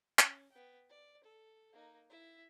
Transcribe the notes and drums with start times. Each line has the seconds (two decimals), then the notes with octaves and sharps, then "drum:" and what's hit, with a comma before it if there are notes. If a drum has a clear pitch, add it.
0.19 C#4, drum: clap
0.52 B3 G5
0.89 D5
1.24 A4
1.72 A#3 D#4
2.10 E4 E5